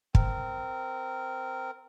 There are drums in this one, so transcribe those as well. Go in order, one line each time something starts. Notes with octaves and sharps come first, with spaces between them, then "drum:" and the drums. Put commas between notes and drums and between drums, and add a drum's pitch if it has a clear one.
C4 A#4, drum: kick